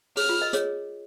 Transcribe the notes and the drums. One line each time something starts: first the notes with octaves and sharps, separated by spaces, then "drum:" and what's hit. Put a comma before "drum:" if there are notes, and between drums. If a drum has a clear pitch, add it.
G#4 C#5 F6, drum: open hi-hat
F4
A#4 D#5
G#4 C#5, drum: hi-hat